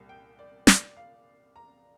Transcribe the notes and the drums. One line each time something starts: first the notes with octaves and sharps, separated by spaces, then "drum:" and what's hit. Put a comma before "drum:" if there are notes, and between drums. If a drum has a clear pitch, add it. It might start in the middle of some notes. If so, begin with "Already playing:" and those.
Already playing: C2 A#2 G3
G5
D5
D5, drum: snare
F5
A#5